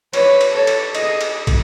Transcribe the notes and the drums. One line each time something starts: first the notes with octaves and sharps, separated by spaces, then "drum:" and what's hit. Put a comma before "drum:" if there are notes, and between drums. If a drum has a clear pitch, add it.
B4 C#5, drum: cymbal
drum: cymbal
A4 C#5
drum: cymbal
G#4 D#5, drum: cymbal
drum: cymbal
drum: kick, cymbal